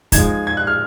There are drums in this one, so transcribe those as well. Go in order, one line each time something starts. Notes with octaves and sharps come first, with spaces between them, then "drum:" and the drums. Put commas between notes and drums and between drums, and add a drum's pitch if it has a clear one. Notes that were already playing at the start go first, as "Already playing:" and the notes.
F3 G#3 D#4 G#6, drum: kick, hi-hat
G#6
F#6
F6